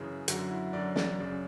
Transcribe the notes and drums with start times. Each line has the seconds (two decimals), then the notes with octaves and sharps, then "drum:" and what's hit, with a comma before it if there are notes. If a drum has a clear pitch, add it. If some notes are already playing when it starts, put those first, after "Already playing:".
Already playing: F#2 C#3 E3 G#4
0.28 F#2 D3 F#3 F#4, drum: hi-hat
0.50 E4
0.73 F#2 D3 F#3 D5
0.96 D5, drum: snare
1.18 F#2 C#3 F#3 D5